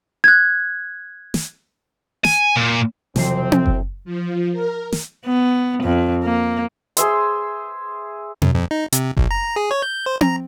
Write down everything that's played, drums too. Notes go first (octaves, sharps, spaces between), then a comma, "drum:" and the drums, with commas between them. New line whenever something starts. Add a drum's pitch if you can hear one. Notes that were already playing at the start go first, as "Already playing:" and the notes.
F#6 G#6
drum: snare
G#5, drum: snare
A#2
E1 C3 F3 F#3 C4 C7, drum: snare
drum: tom C4
drum: kick F#1
F3
A#4
drum: snare
B3
F2
A#3
G#4 C5 E5 C6, drum: hi-hat
F#2, drum: tom B2
F2
D#4
C3, drum: hi-hat
B1, drum: kick F#1
A#5
G#4
C#5
G6
C5
A#5, drum: tom C4